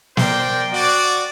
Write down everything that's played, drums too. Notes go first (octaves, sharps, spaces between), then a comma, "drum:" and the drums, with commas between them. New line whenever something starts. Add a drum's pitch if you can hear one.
A#4 C5 D5 G5, drum: snare
F#4 D5